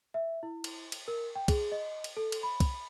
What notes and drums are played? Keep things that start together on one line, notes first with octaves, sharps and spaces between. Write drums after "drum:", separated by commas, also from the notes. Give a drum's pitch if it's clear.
E5
E4
drum: cymbal
drum: cymbal
A#4
G5
G#4, drum: kick, cymbal
D#5
drum: cymbal
A4
drum: cymbal
B5
drum: kick, cymbal